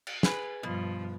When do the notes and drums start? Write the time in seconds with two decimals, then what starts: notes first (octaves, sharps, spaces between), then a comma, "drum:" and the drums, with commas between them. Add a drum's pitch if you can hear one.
0.07 drum: cymbal
0.23 G#4 B4, drum: snare
0.63 G2 B2 F3